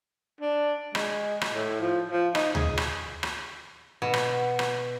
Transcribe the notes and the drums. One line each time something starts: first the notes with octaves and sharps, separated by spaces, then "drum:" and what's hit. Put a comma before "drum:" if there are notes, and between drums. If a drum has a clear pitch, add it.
D4
G#3, drum: rim click
drum: rim click
A2
F3
F3
D#4, drum: rim click
G#4, drum: tom D2
drum: rim click
drum: rim click
B2
drum: rim click
drum: rim click